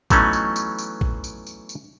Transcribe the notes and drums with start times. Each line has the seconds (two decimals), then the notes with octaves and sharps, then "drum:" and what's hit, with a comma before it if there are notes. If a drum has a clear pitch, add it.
0.10 E3 F#3 A3 B3 C#4 D#4, drum: kick, tambourine
0.33 drum: tambourine
0.56 drum: tambourine
0.78 drum: tambourine
1.01 drum: kick
1.24 drum: tambourine
1.46 drum: tambourine
1.69 drum: tambourine